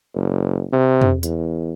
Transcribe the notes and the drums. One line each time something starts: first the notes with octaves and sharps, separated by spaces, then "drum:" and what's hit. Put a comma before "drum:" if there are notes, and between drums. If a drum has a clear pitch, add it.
F#1
C3
drum: tom
E2, drum: hi-hat